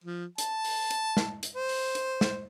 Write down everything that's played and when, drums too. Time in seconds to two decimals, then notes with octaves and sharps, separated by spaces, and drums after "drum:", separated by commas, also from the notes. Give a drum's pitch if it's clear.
0.04 F3
0.38 A5, drum: hi-hat
0.64 drum: open hi-hat
0.91 drum: hi-hat
1.17 drum: snare
1.43 drum: hi-hat
1.56 C5
1.69 drum: open hi-hat
1.95 drum: hi-hat
2.21 drum: snare